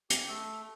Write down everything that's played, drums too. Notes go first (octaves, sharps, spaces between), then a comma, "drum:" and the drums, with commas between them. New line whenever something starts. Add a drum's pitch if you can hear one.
G4, drum: hi-hat
A3 A4